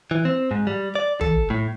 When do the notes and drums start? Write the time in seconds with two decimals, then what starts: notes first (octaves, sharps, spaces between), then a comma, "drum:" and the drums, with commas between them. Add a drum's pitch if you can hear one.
0.11 E3
0.25 C4
0.51 G#2
0.67 G3
0.95 D5
1.21 A4, drum: tom
1.50 A2